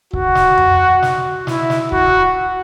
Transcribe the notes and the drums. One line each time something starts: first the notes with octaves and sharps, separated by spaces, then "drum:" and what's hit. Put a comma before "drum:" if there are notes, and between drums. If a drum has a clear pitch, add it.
F#4, drum: kick C#1
drum: snare
drum: tom F2
drum: snare
E4, drum: snare
drum: snare
F#4, drum: kick C#1